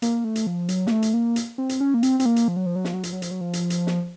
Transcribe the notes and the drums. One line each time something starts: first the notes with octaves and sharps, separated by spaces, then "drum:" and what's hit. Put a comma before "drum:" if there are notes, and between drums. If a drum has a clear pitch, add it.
A#3, drum: hi-hat
A3
drum: hi-hat
F3
F#3, drum: hi-hat
A#3, drum: snare
A3
drum: hi-hat
A#3
drum: hi-hat
C4
drum: hi-hat
C#4
A#3
C4, drum: hi-hat
C4, drum: hi-hat
A#3
drum: hi-hat
F3
F#3
F3
F#3
F3, drum: snare
F#3
F3, drum: hi-hat
F#3
F3, drum: hi-hat
F#3
F3
drum: hi-hat
drum: hi-hat
drum: snare